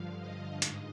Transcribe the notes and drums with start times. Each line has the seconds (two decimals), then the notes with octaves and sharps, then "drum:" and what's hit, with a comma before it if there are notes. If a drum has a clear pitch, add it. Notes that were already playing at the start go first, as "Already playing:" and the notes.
Already playing: G2 D3 F3 F5
0.18 D#5
0.62 G#2, drum: hi-hat